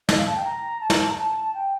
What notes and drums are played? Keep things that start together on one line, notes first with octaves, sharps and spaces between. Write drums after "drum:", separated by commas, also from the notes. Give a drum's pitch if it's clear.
D#5, drum: snare
F5
A5
G5
A#5
A5
A#5, drum: snare
A5
A#5
A5
G5